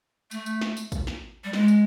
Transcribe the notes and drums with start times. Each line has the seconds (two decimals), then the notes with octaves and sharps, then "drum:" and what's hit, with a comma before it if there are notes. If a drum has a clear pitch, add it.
0.31 A3, drum: tambourine
0.46 drum: tambourine
0.61 drum: snare
0.77 drum: tambourine
0.92 drum: kick, tambourine
1.07 drum: snare
1.44 G3
1.53 G#3, drum: snare
1.68 drum: tambourine